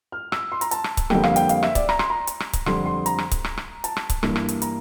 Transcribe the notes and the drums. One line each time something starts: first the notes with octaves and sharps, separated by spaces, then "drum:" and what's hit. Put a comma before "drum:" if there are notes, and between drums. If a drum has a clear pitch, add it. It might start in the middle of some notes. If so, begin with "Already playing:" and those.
F6
E6, drum: rim click
C6
A#5, drum: hi-hat
A5, drum: hi-hat
drum: rim click
drum: kick C#1, hi-hat
F2 D3 G3 A#3 G5, drum: rim click
F5, drum: rim click
G5, drum: hi-hat
F5, drum: hi-hat
E5, drum: rim click
D5, drum: kick C#1, hi-hat
A#5, drum: rim click
C6, drum: rim click
A#5
drum: hi-hat
drum: rim click
drum: kick C#1, hi-hat
F2 D3 G3 C6, drum: rim click
C6
A#5, drum: hi-hat
drum: rim click
drum: kick C#1, hi-hat
drum: rim click
drum: rim click
A5, drum: hi-hat
drum: rim click
drum: kick C#1, hi-hat
G2 E3 A#3, drum: rim click
drum: rim click
drum: hi-hat
A#5, drum: hi-hat